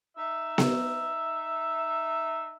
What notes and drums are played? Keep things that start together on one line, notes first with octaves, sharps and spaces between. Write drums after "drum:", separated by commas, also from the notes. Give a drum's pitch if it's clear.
D#4 E5
drum: snare B3